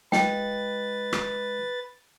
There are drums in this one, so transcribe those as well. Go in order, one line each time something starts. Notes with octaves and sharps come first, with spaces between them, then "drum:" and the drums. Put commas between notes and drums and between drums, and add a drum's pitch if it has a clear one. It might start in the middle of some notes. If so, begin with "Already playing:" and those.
G#3 F4 B4 D#5 G5 A6, drum: snare
drum: rim click